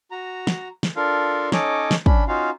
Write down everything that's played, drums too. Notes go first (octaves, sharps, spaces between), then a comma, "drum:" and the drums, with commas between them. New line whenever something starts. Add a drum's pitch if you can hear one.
F#4 A#5
drum: snare
drum: snare
D4 F4 A4 A#4 F5
C#4 D#4 A4 C#5 D#5 D6, drum: snare
drum: snare
C#4 D4 B5, drum: kick
C#4 D#4 F4 F#4 F5